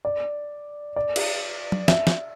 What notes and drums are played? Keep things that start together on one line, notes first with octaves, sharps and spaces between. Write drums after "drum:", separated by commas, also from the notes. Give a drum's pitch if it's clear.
D5
D5
drum: cymbal
drum: tom F#3
E5, drum: snare
drum: snare